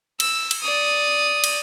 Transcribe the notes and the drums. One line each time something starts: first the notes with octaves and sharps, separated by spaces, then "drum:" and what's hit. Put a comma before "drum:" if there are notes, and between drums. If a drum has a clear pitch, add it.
E6, drum: cymbal
drum: cymbal
D5 D#6
drum: cymbal